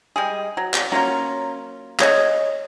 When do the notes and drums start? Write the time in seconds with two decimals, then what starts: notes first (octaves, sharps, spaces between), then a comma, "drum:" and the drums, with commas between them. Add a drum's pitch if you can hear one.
0.16 G3 G#3 G#4
0.57 F#3
0.74 drum: clap
0.92 F#3 A#3 C#4 F4
2.00 G#4 C#5 D#5, drum: clap